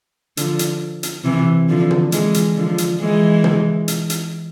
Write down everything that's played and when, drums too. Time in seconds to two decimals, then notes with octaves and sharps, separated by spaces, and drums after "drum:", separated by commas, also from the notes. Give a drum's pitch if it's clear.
0.37 D3 F3, drum: hi-hat
0.59 drum: hi-hat
1.03 drum: hi-hat
1.24 C3 E3
1.69 D3 F3
1.91 drum: tom
2.12 E3 G#3, drum: hi-hat
2.34 drum: hi-hat
2.57 D3 F3
2.78 drum: hi-hat
3.00 E3 G#3
3.44 drum: tom
3.88 drum: hi-hat
4.10 drum: hi-hat